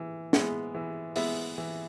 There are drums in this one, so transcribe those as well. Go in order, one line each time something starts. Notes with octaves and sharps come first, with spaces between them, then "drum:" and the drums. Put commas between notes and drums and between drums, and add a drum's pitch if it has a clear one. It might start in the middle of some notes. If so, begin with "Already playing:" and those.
Already playing: E3
G#3 B3 E4, drum: snare
E3
G#3 B3 E4, drum: open hi-hat
E3